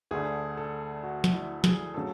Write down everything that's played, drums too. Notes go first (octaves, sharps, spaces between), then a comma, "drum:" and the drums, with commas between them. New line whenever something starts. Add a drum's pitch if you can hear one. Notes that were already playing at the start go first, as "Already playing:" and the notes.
D2 D3 A3 G#4
A4
F#4
drum: snare
E4
G#4, drum: snare
C#3 F#3 A3 A4